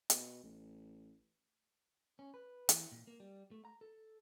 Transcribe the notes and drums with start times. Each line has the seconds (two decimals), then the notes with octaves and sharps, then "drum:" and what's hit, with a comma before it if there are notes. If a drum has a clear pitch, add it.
0.10 B2, drum: hi-hat
0.43 A1
2.19 C#4
2.34 B4
2.69 E3, drum: hi-hat
2.92 A#2
3.07 A#3
3.20 G3
3.51 A3
3.65 A#5
3.81 A4